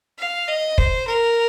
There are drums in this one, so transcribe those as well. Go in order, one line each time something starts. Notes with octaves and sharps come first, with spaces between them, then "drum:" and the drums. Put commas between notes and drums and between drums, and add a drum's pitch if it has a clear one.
F5
D#5
C5, drum: kick
A#4